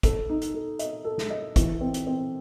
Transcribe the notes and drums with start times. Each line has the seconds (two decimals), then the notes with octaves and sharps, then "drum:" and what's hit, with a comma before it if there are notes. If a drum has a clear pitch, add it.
0.03 A4, drum: kick, hi-hat
0.29 D#4
0.42 drum: hi-hat
0.54 A4
0.79 D#5, drum: hi-hat
1.05 A4
1.18 drum: snare
1.30 D#5
1.56 E3, drum: kick, hi-hat
1.81 C4
1.94 drum: hi-hat
2.07 C4